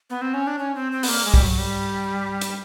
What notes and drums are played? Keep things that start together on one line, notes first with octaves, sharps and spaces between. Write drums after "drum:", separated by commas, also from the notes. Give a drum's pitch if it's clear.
B3
C4
C#4
D4
C#4
C4
C4
B3, drum: open hi-hat
A#3
G#3
G3, drum: kick
F#3
G3
drum: hi-hat